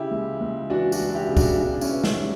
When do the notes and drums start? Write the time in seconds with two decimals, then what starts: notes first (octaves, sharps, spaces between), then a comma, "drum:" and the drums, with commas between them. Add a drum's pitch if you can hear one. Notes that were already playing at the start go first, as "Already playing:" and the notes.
Already playing: C#3 E4 G4
0.11 C#2
0.41 C#2
0.70 E3 D4 F#4
0.92 D4 F#4, drum: tambourine
1.00 C#2
1.10 F#4
1.15 E4 G4
1.29 C#3
1.37 D4 F#4, drum: kick, tambourine
1.59 B2 D4
1.81 C#4 E4, drum: tambourine
1.89 B3
2.04 C#4, drum: snare
2.19 G3